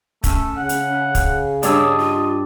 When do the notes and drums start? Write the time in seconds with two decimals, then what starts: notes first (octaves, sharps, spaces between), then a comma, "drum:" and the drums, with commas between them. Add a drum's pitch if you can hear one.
0.24 A3 C#4, drum: kick, hi-hat
0.57 C#3 F#5
0.69 drum: hi-hat
1.15 drum: kick, hi-hat
1.63 G2 D4 C#5 D#5 E6, drum: hi-hat
1.98 F4